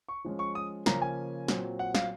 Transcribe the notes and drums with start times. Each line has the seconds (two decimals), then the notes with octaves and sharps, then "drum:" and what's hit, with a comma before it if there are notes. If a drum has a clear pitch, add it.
0.09 C#6
0.25 F3 G#3 C#4
0.39 C#6
0.55 D#6
0.86 C#3 F3 A#3 C#4 A#5, drum: snare
1.02 G#5
1.48 A#2 F#3 C4, drum: snare
1.79 F#5
1.95 F5, drum: snare